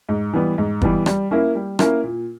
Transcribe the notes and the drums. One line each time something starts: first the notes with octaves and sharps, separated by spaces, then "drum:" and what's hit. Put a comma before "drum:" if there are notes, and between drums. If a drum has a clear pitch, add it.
G#2
E3 G3 B3
G#2
E3 G3 B3, drum: kick
G3, drum: rim click
A#3 C#4 E4 A#4
G3
A#3 C#4 E4 A#4, drum: rim click
A#2